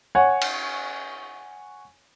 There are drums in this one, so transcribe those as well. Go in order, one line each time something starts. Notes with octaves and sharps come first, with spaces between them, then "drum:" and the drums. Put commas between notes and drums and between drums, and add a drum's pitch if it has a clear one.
C#5 F#5 G#5
drum: cymbal